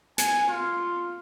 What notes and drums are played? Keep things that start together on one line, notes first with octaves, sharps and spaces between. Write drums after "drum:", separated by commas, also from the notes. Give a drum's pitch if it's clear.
G#5, drum: hi-hat
F4